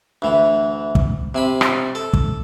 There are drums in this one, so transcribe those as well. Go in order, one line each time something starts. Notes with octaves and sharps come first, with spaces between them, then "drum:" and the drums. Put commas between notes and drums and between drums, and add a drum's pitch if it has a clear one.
D2 E3
drum: kick
C3 G#5 B5
drum: rim click
A4
drum: kick